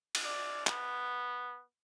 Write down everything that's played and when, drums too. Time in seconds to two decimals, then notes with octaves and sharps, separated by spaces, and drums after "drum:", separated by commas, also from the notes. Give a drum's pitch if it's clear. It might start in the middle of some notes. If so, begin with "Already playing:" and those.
0.15 drum: cymbal
0.24 D5
0.67 B3, drum: clap